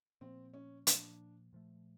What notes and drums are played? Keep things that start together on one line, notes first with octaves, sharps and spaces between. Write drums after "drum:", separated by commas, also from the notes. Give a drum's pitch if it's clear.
A#2 F3 A#3 C4
C#4
A#2 F3 A#3 D4, drum: hi-hat
A#2 F3 A3